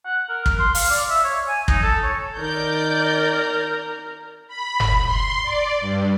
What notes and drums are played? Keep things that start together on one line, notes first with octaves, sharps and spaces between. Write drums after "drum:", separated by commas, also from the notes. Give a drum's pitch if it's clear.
F#5
A#4
A#4, drum: kick
C6
F5, drum: open hi-hat
D5
E5
C#5
G#5
D#4, drum: kick
A4
C#5
D#3 A#4 D5 G6
B5
drum: tom F#1
C6
D5
G2